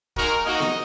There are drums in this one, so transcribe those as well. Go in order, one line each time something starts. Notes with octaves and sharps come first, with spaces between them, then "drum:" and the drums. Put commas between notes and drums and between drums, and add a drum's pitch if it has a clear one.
G#3 D#4 F#4 A#4, drum: kick
A#3 D#4 F#4 D#5
drum: snare B3